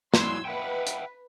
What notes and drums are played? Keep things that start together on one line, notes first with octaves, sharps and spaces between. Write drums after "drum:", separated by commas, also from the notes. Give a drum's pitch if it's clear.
F#3 G3 E4 C6 E6 G#6, drum: snare
B4 E5 F#5 G5
drum: hi-hat